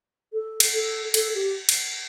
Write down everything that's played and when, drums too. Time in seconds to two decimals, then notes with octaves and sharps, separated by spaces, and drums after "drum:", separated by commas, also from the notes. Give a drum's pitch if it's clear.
0.33 A4
0.60 drum: cymbal
0.74 A4
1.14 A4, drum: cymbal
1.35 G4
1.69 drum: cymbal